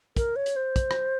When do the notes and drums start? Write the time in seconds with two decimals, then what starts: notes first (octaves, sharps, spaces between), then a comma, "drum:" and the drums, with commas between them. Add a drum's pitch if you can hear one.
0.16 A#4, drum: kick, hi-hat
0.36 C#5
0.46 drum: hi-hat
0.56 C5
0.76 drum: kick, hi-hat
0.91 drum: rim click